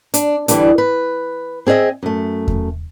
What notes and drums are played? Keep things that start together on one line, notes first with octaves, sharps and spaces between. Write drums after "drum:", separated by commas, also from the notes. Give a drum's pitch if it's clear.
D4, drum: hi-hat
D3 E3 G3 A3 D4, drum: hi-hat
B4
C4 G#4 C5 D#5 E5
F#2 A3
drum: kick E2